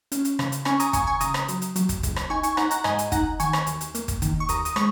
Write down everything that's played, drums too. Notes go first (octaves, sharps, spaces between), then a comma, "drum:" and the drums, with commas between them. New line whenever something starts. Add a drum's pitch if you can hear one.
C#4, drum: hi-hat
drum: hi-hat
C#3, drum: rim click
drum: hi-hat
C#4 G#5 C#6, drum: rim click
A#5 D#6, drum: hi-hat
C#3 G#5 C#6, drum: kick, hi-hat
G#5 C#6
C#3 A#5 D#6, drum: hi-hat
drum: rim click
F#3, drum: hi-hat
drum: hi-hat
F#3, drum: hi-hat
drum: kick, hi-hat
C#2, drum: kick, hi-hat
drum: rim click
D#4 G#5 C#6
G#5 C#6, drum: hi-hat
D#4 F#5 A#5, drum: rim click
F#5 A#5, drum: hi-hat
G#2 D#5 G#5, drum: rim click
drum: hi-hat
D#4 F#5 A#5, drum: kick, hi-hat
D#3 G#5 C#6, drum: hi-hat
drum: rim click
D#2, drum: hi-hat
drum: hi-hat
A#3, drum: hi-hat
drum: kick, hi-hat
D#3, drum: kick, hi-hat
C#6
D#2 A#5 D#6, drum: hi-hat
D#6, drum: hi-hat
G#3 C#6, drum: rim click